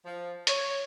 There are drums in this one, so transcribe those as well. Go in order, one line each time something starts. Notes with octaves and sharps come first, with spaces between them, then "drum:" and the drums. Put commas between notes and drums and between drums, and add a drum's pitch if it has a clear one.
F3
C#5, drum: hi-hat